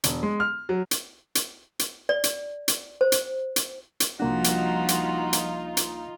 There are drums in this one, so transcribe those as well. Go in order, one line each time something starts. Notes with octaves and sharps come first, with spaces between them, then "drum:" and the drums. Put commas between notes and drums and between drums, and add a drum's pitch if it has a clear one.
E1, drum: hi-hat
G#3
F6
F#3
drum: hi-hat
drum: hi-hat
drum: hi-hat
D5
drum: hi-hat
drum: hi-hat
C5
drum: hi-hat
drum: hi-hat
drum: hi-hat
C2 F3 G3 A#3 D4 D#4 F4 F#4
drum: hi-hat
drum: hi-hat
drum: hi-hat
drum: hi-hat